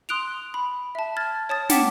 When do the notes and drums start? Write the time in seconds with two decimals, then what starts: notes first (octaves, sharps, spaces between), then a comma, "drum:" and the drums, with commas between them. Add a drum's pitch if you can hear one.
0.09 C6 D#6 F#6 D7 F7
0.54 B5
0.95 E5 A5
1.17 F6 G#6 A6
1.49 C#5 A5 D#6 A6
1.70 F#5 G5 D6 B6 E7, drum: snare